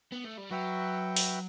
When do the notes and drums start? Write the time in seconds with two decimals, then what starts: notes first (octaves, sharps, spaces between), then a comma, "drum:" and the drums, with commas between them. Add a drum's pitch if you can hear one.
0.12 B3
0.25 A3
0.38 G3
0.50 F#3 F#4 B4 E5 G5
1.16 drum: open hi-hat